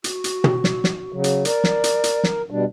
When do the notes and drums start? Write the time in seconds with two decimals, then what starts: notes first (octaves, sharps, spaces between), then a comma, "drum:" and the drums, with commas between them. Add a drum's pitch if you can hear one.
0.04 F#4, drum: hi-hat
0.24 drum: hi-hat
0.44 drum: tom
0.64 drum: snare
0.84 drum: snare
1.13 C#3 F#3
1.24 drum: hi-hat
1.45 A#4 D5, drum: hi-hat
1.64 drum: snare
1.84 drum: hi-hat
2.04 drum: hi-hat
2.24 drum: snare
2.50 B2 G3 D4